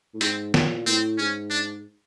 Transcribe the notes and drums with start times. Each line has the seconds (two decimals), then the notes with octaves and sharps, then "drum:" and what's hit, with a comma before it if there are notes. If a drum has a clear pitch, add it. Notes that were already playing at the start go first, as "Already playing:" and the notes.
0.14 A2
0.21 G#2 C4, drum: hi-hat
0.54 A#2, drum: snare
0.86 A2 C4
1.18 G#2 C#4
1.50 D4